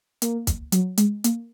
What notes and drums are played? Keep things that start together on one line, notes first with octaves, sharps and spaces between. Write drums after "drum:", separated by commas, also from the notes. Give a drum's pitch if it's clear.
A#3, drum: hi-hat
drum: kick, hi-hat
F#3, drum: hi-hat
G#3, drum: hi-hat
A#3, drum: hi-hat